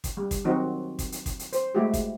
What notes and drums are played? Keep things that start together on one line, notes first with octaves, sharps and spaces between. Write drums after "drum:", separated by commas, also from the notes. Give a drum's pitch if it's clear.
drum: kick, hi-hat
G3
drum: kick, hi-hat
D#3 F#3 C4 D#4 F#4
drum: kick, hi-hat
drum: hi-hat
drum: kick, hi-hat
drum: hi-hat
C5, drum: hi-hat
G#3 A3 E4 F#4 G4
drum: kick, hi-hat